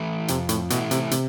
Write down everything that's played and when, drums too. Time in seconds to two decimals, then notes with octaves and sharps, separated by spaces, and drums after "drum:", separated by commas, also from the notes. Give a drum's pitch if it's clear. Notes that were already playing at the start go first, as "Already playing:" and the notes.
Already playing: E3 A3 E4
0.28 F2 C3, drum: hi-hat
0.49 A2, drum: hi-hat
0.70 B2 E3 A3 E4, drum: hi-hat
0.91 C3, drum: hi-hat
1.11 C3, drum: hi-hat